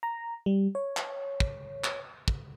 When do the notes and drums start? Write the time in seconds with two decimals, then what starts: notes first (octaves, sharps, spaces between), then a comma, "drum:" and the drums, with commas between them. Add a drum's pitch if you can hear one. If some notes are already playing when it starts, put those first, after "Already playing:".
0.03 A#5
0.46 G3
0.75 C#5
0.97 drum: clap
1.40 drum: kick
1.84 drum: clap
2.28 drum: kick